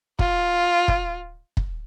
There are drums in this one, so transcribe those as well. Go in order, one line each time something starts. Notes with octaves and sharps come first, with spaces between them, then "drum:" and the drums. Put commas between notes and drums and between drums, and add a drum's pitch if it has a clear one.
F4, drum: kick
drum: kick
drum: kick